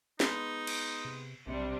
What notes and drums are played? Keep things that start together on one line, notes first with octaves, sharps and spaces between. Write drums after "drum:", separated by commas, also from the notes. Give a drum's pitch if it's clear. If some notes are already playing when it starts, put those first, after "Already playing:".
G#3 B3 D#4, drum: snare
drum: cymbal
C3
B1 C3 G3 D4